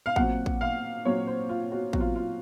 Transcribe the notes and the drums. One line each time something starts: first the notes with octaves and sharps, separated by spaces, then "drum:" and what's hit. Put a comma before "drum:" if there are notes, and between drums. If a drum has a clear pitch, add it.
F5
A#2 F#3 C4 F#5, drum: kick
drum: kick
F5
A#2 F#3 C4 C#5
C5
F4
F#4
A#2 F#3 C4 F#4, drum: kick
F4
F4